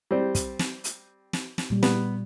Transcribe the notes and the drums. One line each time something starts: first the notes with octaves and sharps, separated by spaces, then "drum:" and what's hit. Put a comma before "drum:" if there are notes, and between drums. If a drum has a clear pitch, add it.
G3 C4
drum: kick, hi-hat
drum: snare
drum: hi-hat
drum: snare
drum: snare
A#2 G3
B3, drum: snare